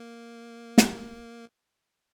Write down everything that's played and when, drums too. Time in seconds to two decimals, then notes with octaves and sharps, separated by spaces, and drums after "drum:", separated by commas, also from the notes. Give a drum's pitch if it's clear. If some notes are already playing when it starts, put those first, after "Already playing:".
Already playing: A#3
0.78 drum: snare